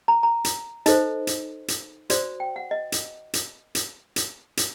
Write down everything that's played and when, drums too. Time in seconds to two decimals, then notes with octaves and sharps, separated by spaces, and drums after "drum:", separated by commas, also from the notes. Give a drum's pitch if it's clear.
0.08 A#5
0.23 A#5
0.45 drum: hi-hat
0.86 D#4 A4 C5 D#5, drum: hi-hat
1.27 drum: hi-hat
1.68 drum: hi-hat
2.10 F#4 C5 D5, drum: hi-hat
2.40 G5
2.56 F#5
2.71 D#5
2.92 drum: hi-hat
3.34 drum: hi-hat
3.75 drum: hi-hat
4.16 drum: hi-hat
4.57 drum: hi-hat